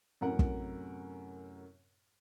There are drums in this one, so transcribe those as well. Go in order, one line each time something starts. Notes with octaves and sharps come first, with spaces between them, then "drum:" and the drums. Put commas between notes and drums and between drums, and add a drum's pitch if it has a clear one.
F#2 A2 C3 A#4 F#5
drum: kick